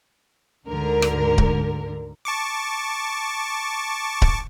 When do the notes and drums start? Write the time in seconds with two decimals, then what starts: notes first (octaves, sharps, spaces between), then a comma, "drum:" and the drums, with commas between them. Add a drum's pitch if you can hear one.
0.67 D2 G#2 D3 A#4
1.02 drum: rim click
1.38 drum: kick D1
2.25 A5 C#6 D6
4.22 drum: kick D1